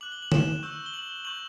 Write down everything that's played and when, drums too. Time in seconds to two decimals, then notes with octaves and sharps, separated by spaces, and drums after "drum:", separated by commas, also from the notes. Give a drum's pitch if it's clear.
0.01 D6 F#6 F#7
0.12 G7
0.22 F#7
0.32 E7, drum: tom D3
0.63 C#6 E6 G6
0.86 G7
0.94 F#7
1.25 C#6 G6 F#7